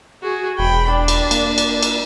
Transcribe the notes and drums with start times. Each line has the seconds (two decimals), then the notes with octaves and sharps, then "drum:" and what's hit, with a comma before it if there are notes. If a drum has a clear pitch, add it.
0.23 F#4 G#4
0.59 E1 G5 B5
0.92 D4
1.08 drum: cymbal
1.31 A#3, drum: cymbal
1.58 drum: cymbal
1.83 drum: cymbal